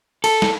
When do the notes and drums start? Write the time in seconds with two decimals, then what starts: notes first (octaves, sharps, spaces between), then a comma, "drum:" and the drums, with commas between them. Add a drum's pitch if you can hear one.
0.24 A4, drum: cymbal
0.42 drum: snare